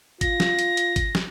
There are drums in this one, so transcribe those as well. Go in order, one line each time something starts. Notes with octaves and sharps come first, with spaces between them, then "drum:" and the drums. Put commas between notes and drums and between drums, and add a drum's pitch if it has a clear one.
F4 A#6, drum: kick G#1, hi-hat
drum: snare
drum: hi-hat
drum: hi-hat
drum: kick G#1, hi-hat
drum: snare